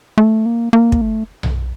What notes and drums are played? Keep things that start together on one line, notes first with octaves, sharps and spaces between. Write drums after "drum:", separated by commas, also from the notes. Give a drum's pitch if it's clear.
A3
A#3
A#3
drum: kick
A3
drum: tom B1